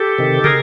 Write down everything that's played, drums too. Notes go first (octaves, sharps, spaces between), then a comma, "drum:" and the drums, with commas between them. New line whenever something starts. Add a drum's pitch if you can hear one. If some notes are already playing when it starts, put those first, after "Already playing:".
Already playing: G4 A4
C3 D#3
G#4 A#4, drum: tom